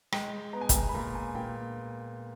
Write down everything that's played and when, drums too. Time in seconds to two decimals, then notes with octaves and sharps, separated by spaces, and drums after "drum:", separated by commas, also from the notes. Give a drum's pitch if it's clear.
0.12 G#3 G5, drum: rim click
0.53 B3 A#5
0.61 G#5
0.69 G5, drum: kick, hi-hat
0.77 G#5
0.89 B5
0.94 A#2 A#5
1.15 G#5
1.35 A#2 G5